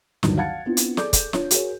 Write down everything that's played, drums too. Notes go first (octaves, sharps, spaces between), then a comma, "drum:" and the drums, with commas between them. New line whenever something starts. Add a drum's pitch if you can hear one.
G1 D2 G2 D#3 F#3, drum: snare
F5 F#5 A5 G#6 A6 C#7
B3 C4 D4 E4 F4
drum: hi-hat
G#4 A4 D5 D6 G6, drum: snare
drum: kick, hi-hat
D4 F4 C#5, drum: snare
F#4 G#4 A#4 C#5, drum: hi-hat